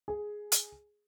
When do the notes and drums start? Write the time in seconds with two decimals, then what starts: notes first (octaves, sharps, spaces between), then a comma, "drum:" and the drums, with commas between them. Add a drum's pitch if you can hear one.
0.08 G#4
0.52 drum: hi-hat